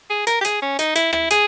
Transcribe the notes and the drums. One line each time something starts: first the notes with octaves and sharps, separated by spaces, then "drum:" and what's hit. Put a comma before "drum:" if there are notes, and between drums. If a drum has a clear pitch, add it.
G#4
A#4, drum: hi-hat
G4
G#4, drum: hi-hat
C#4
D#4, drum: hi-hat
E4, drum: hi-hat
E4, drum: rim click
G#4, drum: hi-hat